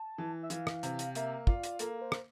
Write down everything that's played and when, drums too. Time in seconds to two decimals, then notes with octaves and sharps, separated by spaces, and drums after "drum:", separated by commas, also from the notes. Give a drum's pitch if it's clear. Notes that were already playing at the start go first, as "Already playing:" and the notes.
Already playing: A5
0.18 E3
0.43 E5
0.50 E3 F5, drum: hi-hat
0.67 drum: rim click
0.83 C3, drum: hi-hat
0.99 drum: hi-hat
1.15 A#3 E5, drum: hi-hat
1.47 F4 D5, drum: kick
1.64 drum: hi-hat
1.79 A#3 A4, drum: hi-hat
2.02 C5
2.12 drum: rim click